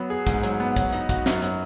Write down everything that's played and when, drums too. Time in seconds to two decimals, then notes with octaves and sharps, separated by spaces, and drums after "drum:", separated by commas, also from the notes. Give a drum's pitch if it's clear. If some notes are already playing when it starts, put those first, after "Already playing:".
Already playing: F#3 B3
0.10 G#4
0.27 G#2, drum: kick, hi-hat
0.43 F#3, drum: hi-hat
0.60 B3
0.76 F#3, drum: kick, hi-hat
0.92 D#4, drum: hi-hat
1.09 F#4, drum: kick, hi-hat
1.26 F#2, drum: snare
1.42 F#3, drum: hi-hat